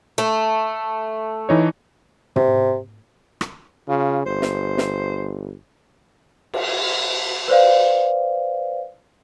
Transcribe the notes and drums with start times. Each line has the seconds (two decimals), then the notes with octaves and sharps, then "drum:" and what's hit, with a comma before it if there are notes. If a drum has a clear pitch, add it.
0.18 A3
1.49 E3 D#4 C#5
2.36 C3, drum: tom
3.41 drum: rim click
3.88 C#3 F4
4.26 G1 C5
4.42 drum: snare
4.78 drum: snare
6.54 drum: cymbal
7.48 B4 C5 D5 F5